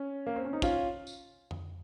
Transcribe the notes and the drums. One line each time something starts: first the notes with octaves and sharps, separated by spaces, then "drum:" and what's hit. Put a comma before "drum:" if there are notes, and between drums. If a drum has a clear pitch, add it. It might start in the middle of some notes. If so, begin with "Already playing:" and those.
Already playing: C#4
A#3
C4
C#4
D#4
C#4 F4, drum: kick, tambourine
drum: tambourine
drum: tom F2